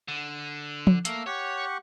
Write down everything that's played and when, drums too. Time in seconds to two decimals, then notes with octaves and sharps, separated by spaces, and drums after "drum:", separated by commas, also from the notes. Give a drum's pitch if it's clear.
0.08 D3
0.87 drum: tom F3
1.05 A3 A#3 E6, drum: hi-hat
1.26 G4 C#5 F#5 C#6